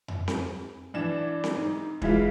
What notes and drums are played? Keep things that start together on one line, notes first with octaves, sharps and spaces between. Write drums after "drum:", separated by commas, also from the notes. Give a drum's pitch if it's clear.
drum: tom F2
drum: snare C4
E3 D4 E7
drum: snare C4
G#2
E3 G#3 E4 F4, drum: kick